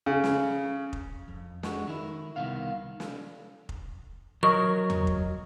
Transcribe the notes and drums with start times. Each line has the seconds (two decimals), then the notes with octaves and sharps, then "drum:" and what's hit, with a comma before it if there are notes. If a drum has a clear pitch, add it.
0.06 C#3
0.24 drum: snare
0.93 drum: kick F1
1.28 F2
1.63 G#3 F#4, drum: snare
1.87 D#3 E4
2.36 C2 B2 D#3 B3 F5
3.00 drum: snare
3.69 drum: kick F1
4.43 F#3 A#4 D#5 C#6
4.90 drum: tom E2
5.07 drum: kick F1